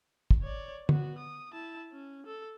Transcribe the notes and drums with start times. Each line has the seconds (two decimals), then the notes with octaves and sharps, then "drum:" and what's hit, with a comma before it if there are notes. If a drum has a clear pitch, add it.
0.31 drum: kick
0.43 C#5 D5
0.89 B3 F#4, drum: tom
1.18 D#6
1.53 E4 A5
1.93 C#4
2.26 A4